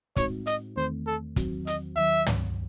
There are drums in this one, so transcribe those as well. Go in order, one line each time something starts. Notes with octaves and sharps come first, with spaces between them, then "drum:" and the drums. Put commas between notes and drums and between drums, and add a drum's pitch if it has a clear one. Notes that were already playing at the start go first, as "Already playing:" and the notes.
A2 G#3 C4 D#4 F#4 C#5, drum: kick, hi-hat
D#5, drum: hi-hat
E2 D#3 A3 C4 C5
A4
E2 D#3 F#3 C4 F#4, drum: kick, hi-hat
D#5, drum: hi-hat
D#2 D#3 F#3 E5
drum: tom